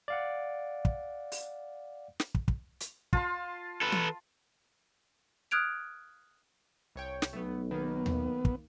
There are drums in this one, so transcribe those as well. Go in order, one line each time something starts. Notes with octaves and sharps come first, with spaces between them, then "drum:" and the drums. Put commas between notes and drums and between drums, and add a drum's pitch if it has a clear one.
D5 F5 F#5
drum: kick
drum: open hi-hat
drum: snare
drum: kick
drum: kick
drum: hi-hat
F4 A5 C6, drum: kick
A4 B4
drum: tom E3
D#6 F6 F#6 G#6 D7 F7
C2 C#5 G5
drum: snare
B1 A3 B3
D#3 A#3 B3
drum: tom D#2
drum: kick